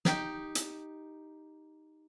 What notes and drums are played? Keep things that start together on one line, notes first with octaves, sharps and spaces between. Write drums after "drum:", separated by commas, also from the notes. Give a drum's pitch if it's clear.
D#4 G4, drum: snare
drum: hi-hat